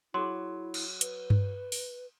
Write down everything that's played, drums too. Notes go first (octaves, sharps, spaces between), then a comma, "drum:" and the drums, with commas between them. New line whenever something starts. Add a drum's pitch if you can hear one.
F#3 E4 G#4 C6
drum: cymbal
B4, drum: hi-hat
drum: tom G2
drum: open hi-hat